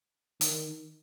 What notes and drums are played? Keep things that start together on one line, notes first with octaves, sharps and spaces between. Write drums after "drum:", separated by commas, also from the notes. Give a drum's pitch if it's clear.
D#3, drum: hi-hat